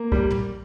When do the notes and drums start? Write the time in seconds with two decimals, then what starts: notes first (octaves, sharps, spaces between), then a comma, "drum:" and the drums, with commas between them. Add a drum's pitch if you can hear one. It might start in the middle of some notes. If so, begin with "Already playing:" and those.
Already playing: A#3
0.12 G3, drum: kick
0.31 drum: tom